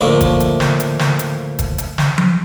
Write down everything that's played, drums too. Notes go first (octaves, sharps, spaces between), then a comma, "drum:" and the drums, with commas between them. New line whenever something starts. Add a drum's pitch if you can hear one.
D2 A2 F3 A3 A#3
drum: kick, hi-hat
drum: hi-hat
drum: snare
drum: hi-hat
drum: snare
drum: hi-hat
drum: kick, hi-hat
drum: hi-hat
drum: snare
drum: tom F3